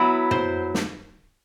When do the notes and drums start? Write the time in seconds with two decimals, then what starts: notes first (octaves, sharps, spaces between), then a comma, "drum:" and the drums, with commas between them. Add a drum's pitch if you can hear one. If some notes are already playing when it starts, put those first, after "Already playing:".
Already playing: F#3 B3 E4
0.31 C5, drum: tom
0.75 drum: snare